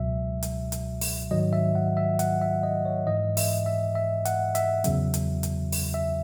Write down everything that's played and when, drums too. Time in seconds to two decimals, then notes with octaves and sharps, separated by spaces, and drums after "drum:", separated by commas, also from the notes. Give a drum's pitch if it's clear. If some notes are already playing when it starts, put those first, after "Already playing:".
Already playing: C#2 B2 F#3 E5
0.43 drum: hi-hat
0.72 drum: hi-hat
1.01 drum: open hi-hat
1.31 G#2 D#3 F#3 D#5
1.53 E5
1.75 F#5
1.97 E5
2.19 F#5, drum: hi-hat
2.41 E5
2.63 D#5
2.85 C#5
3.07 G#2 E3 D#5
3.37 E5, drum: open hi-hat
3.66 E5
3.95 E5
4.25 F#5, drum: hi-hat
4.55 E5, drum: hi-hat
4.84 E2 C#3 F#3, drum: hi-hat
5.14 drum: hi-hat
5.43 drum: hi-hat
5.72 drum: open hi-hat
5.94 E5